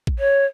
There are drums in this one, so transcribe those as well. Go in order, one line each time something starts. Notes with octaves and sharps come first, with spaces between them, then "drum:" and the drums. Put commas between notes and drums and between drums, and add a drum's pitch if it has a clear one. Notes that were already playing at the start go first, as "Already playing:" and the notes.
drum: kick A#1
C#5